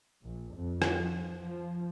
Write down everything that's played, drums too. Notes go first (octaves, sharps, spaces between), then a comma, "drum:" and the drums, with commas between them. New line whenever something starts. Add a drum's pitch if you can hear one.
A#1
F2
drum: rim click
F3
F3